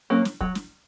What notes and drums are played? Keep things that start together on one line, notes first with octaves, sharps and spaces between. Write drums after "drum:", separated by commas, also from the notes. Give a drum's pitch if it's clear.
F#3 A#3 C#4
drum: snare
F#3, drum: kick
drum: snare